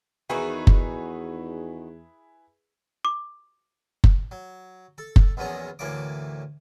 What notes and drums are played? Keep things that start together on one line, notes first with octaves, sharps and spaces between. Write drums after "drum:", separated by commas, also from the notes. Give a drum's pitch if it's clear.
E2 D#3 D#4 E4 F#4 G#4 B4
drum: kick F#1
D6
drum: kick F#1
F#3
A4
drum: kick F#1
A#1 E2 F#3 B3 C#4 A#5
D2 A2 E3 A#3 C#5 D6